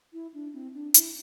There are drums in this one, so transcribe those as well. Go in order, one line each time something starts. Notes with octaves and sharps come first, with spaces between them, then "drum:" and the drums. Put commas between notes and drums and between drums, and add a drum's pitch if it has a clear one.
E4
D4
C4
D4
E4, drum: hi-hat